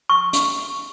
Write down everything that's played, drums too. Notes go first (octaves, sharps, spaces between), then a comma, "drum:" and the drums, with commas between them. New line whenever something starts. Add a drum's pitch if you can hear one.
C#6
drum: hi-hat